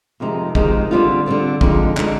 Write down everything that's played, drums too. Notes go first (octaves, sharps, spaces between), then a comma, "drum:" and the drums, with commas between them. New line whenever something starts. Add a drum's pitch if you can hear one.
F2 C3 D#3 G#3 D#4
F2 C3 D#3 G#3 D#4, drum: kick
D3 G3 C4 F4
D3 G3 C4 F4
F2 D3 G#3 D#4, drum: kick
D3 G#3 D#4, drum: clap